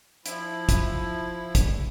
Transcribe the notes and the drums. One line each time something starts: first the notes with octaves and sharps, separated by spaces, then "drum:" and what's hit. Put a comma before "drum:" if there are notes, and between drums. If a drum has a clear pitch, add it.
F3 E4, drum: hi-hat
drum: kick, hi-hat
drum: kick, hi-hat